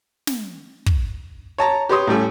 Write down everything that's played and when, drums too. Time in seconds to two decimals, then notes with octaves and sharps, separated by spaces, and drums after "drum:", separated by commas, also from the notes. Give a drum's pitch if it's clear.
0.27 drum: snare
0.86 drum: kick
1.58 C#5 A5 A#5
1.89 G4 B4 C#5 C6 D#6
2.07 A2 G3 A3 C#4